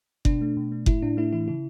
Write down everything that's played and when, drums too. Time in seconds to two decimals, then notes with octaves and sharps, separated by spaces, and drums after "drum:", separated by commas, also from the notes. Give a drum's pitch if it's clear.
0.25 B2 D4, drum: kick F#1
0.41 A3
0.57 B2
0.72 A3
0.86 A2 E4, drum: kick F#1
1.02 A2 D4
1.17 A3 E4
1.33 E3 E4
1.48 C#3 E4